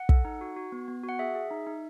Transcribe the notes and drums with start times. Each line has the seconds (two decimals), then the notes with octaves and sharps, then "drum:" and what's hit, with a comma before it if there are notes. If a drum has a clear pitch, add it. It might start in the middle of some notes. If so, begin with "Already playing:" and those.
Already playing: F#5
0.09 A4, drum: kick
0.25 D#4
0.41 F#4
0.56 F#4
0.72 B3
0.88 B3
1.03 F#4
1.09 F#5
1.19 G#4 E5
1.35 G#4
1.51 D#4
1.67 D#4